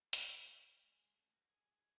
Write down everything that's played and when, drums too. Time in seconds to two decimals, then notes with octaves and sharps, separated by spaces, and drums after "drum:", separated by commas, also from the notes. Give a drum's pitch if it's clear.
0.13 D#4 A5, drum: hi-hat
0.36 E4
0.82 G#3
1.16 A3 C#4
1.28 F#4 A#4
1.49 G#4